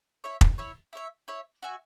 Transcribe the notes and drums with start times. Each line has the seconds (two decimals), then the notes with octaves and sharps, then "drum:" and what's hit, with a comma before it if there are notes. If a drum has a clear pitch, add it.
0.24 E4 C#5 E5
0.41 drum: kick
0.58 E4 C#5 E5
0.93 E4 C#5 E5
1.28 E4 C#5 E5
1.63 F#4 E5 G#5